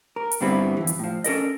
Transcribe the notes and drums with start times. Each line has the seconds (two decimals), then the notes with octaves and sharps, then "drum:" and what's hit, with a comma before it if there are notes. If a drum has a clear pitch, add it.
0.16 A#4
0.31 drum: hi-hat
0.41 G2 D3 G3 B3 C4 E4
0.77 F2 E3
0.87 drum: hi-hat
0.99 A2 F3
1.24 C#4 A4 A#4 D#5, drum: hi-hat